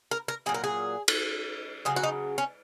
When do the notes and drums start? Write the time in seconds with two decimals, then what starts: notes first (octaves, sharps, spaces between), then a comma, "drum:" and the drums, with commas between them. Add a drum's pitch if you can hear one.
0.11 A#4
0.28 A#4
0.46 A#2 F#3 G#4
0.54 A#4
0.64 G#4
1.08 drum: cymbal
1.85 C#3 F#3 G#4
1.96 F#4
2.03 D#4
2.38 C#4